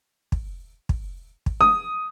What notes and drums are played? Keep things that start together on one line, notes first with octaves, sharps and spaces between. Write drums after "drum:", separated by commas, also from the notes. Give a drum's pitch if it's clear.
drum: kick
drum: kick
drum: kick
D#6